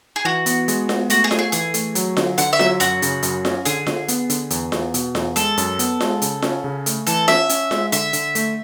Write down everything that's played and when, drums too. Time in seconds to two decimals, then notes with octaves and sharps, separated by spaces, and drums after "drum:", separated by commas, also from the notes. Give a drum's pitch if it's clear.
0.16 G#4
0.25 E3 F#4
0.46 B3, drum: hi-hat
0.68 G#3, drum: hi-hat
0.89 B3, drum: snare F4
1.10 A3 F#4, drum: hi-hat
1.24 G#4
1.31 A4, drum: snare F4
1.39 G#4
1.52 E3 G#4, drum: hi-hat
1.74 A3, drum: hi-hat
1.95 F#3, drum: hi-hat
2.17 D3, drum: snare F4
2.38 D3 F#5, drum: hi-hat
2.53 E5
2.59 F#3, drum: snare F4
2.80 F#2 F#4, drum: hi-hat
3.02 C#3, drum: hi-hat
3.23 F#2, drum: hi-hat
3.45 C#4, drum: snare F4
3.65 D3 G#4, drum: hi-hat
3.87 D3, drum: snare F4
4.08 B3, drum: hi-hat
4.30 D3, drum: hi-hat
4.50 E2, drum: hi-hat
4.72 E2, drum: snare F4
4.94 B2, drum: hi-hat
5.15 E2, drum: snare F4
5.36 G#3 A4, drum: hi-hat
5.57 F#2, drum: hi-hat
5.79 B3, drum: hi-hat
6.01 G#3, drum: snare F4
6.22 C#3, drum: hi-hat
6.42 C#4, drum: snare F4
6.64 C#3
6.86 A3, drum: hi-hat
7.07 E3 A4, drum: hi-hat
7.28 C#4 E5, drum: snare F4
7.49 C#4, drum: hi-hat
7.71 G#3, drum: snare F4
7.92 D3 E5, drum: hi-hat
8.13 D3, drum: hi-hat
8.35 A3, drum: hi-hat